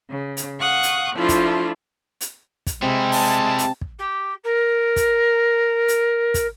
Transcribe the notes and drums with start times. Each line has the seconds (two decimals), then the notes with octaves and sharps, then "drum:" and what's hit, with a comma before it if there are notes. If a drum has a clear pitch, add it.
0.11 C#3
0.37 drum: hi-hat
0.60 F5 F#5 C#6 D#6 F#6
0.83 drum: hi-hat
1.15 F3 A3 D4 E4 F4
1.29 drum: kick, hi-hat
2.21 drum: hi-hat
2.67 drum: kick, hi-hat
2.82 C3 G3 G#3 E4
3.12 A5, drum: open hi-hat
3.58 drum: hi-hat
3.81 drum: kick
3.98 G4
4.44 A#4
4.96 drum: kick, hi-hat
5.88 drum: hi-hat
6.34 drum: kick, hi-hat